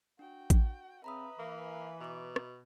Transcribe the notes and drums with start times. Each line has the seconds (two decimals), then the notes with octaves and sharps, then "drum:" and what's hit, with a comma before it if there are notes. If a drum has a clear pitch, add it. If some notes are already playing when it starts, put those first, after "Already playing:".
0.19 D4 F#4 G5
0.50 drum: kick A1, hi-hat
1.04 C#3 C4 B4 E5 A#5 B5 D#6
1.39 E3 A#3
2.00 B2 A#5 D6
2.36 drum: rim click